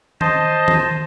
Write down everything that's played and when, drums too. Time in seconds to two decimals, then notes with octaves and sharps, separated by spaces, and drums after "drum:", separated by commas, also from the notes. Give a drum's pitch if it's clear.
0.21 C5 D#5 A5, drum: tom D#3
0.68 drum: tom D#3